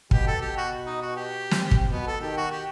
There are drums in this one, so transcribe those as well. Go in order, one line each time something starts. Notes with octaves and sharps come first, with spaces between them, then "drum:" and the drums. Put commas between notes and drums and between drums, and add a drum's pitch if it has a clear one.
B2 G4, drum: kick
A4
B2 G4
F#4
D#4
F#4
G4
drum: snare
drum: kick
B2 B3
A4
D#3 G4
F#4
G4